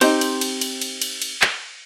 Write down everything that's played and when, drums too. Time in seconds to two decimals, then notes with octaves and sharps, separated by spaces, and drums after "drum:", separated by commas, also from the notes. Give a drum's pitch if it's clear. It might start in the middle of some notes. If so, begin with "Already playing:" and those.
0.01 C4 D#4 G4 C5, drum: cymbal
0.21 drum: cymbal
0.41 drum: cymbal
0.61 drum: cymbal
0.81 drum: cymbal
1.02 drum: cymbal
1.22 drum: cymbal
1.42 drum: clap